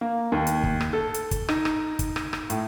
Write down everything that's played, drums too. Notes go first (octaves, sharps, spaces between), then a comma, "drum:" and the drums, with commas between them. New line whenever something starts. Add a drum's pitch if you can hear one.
A#3
D#2
drum: hi-hat
drum: kick
drum: rim click
A4
drum: hi-hat
drum: kick, hi-hat
D#4, drum: rim click
drum: rim click
drum: kick, hi-hat
drum: rim click
drum: rim click
A2, drum: hi-hat